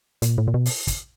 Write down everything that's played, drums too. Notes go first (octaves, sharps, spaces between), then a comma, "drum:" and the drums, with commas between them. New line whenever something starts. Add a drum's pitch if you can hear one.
A#2, drum: hi-hat
A2
A#2
B2
drum: open hi-hat
drum: kick, hi-hat